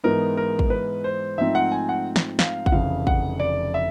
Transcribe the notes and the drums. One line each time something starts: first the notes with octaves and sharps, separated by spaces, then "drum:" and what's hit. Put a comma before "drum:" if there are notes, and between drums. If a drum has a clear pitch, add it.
G#2 E3 G#3 B3 D#4 A#4
A#4
drum: kick
B4
C5
G#2 F3 A3 C4 D#4 E5
F#5
G#5
F#5
drum: snare
F5, drum: snare
F#5, drum: kick
F1 F2 C#3 E3 F5
F#5, drum: kick
D5
E5